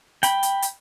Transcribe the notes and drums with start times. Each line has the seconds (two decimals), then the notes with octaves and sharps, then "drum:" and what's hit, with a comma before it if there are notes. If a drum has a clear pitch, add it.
0.23 G5 B5, drum: hi-hat
0.43 drum: hi-hat
0.62 drum: hi-hat